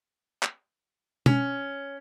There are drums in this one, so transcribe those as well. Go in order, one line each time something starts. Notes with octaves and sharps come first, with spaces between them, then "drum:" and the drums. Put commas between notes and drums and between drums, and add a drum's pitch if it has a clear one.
drum: clap
C#4, drum: tom